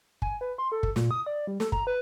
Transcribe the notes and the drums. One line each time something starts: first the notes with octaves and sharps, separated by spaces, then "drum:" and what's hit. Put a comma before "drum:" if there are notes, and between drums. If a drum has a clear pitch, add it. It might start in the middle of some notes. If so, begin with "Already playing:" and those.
G#5, drum: kick
B4
C6
A4
drum: kick
A#2, drum: snare
D#6
D5
G3
A4, drum: snare
A#5, drum: kick
B4